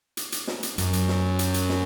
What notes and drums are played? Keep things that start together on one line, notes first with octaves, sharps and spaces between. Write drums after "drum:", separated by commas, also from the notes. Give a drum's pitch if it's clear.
drum: hi-hat
drum: hi-hat
drum: snare
drum: hi-hat
F#2, drum: hi-hat
drum: hi-hat
drum: snare
drum: hi-hat
drum: hi-hat
drum: snare